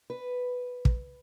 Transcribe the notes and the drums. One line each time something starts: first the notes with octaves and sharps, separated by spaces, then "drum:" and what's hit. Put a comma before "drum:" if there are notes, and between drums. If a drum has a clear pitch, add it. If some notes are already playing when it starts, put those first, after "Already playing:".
B4
drum: kick